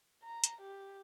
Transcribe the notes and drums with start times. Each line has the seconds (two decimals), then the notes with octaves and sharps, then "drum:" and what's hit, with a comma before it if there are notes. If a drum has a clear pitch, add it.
0.24 A#5
0.44 drum: hi-hat
0.61 G4